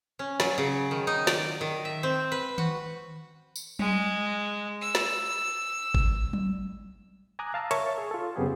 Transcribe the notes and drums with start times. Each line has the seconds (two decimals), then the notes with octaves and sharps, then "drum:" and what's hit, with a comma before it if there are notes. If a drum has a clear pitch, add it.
0.19 C#4
0.40 F#3, drum: snare
0.58 C#3
0.91 D#3
1.07 D#4
1.27 D5, drum: snare
1.61 D#3
1.85 E5
2.03 C4
2.32 B4
2.58 F#4, drum: tom D#3
3.56 drum: tambourine
3.79 G#3, drum: tom F#3
4.82 E6
4.95 drum: snare
5.95 drum: kick G1
6.33 drum: tom F#3
7.39 G#5 A#5 D6 D#6 F#6 G#6
7.54 F5 A5 A#5 E6
7.71 A#4 C#5 E5 A5 C#6 A6, drum: hi-hat
7.98 G#4
8.11 F4 A4
8.36 F#2 C#3 B3 C4 G4 G#4